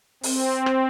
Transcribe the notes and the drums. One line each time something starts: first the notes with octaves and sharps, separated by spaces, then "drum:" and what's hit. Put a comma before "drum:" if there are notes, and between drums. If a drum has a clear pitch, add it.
C4, drum: open hi-hat
drum: rim click